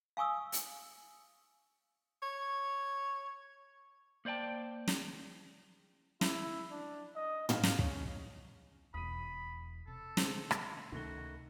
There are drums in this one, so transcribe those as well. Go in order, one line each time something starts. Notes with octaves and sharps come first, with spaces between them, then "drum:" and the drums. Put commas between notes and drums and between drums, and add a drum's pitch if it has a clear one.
F5 G#5 C#6 D#6 E6
drum: hi-hat
C#5
A#3 C5 D5 G5 A5
drum: snare
E4, drum: snare
D4
D#5
F5, drum: tom
drum: snare
C#4, drum: kick
E1 E2 B5 D#6 D#7
C3 A4
D3 G#3 C4, drum: snare
B5 C6, drum: rim click
C#2 C3 D#3 A3 F#4 G7